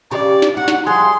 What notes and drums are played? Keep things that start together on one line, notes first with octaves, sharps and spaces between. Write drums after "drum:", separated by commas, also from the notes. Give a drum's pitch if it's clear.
C#3 F3 G4 D5
drum: snare
F#4 F#5
drum: snare
F3 G3 G#4 C6